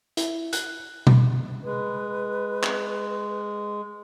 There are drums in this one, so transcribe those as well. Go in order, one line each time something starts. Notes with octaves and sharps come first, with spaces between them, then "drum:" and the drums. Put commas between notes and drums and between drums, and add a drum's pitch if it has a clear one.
E4, drum: hi-hat
F#6, drum: hi-hat
drum: tom B2
G#3 B4
drum: clap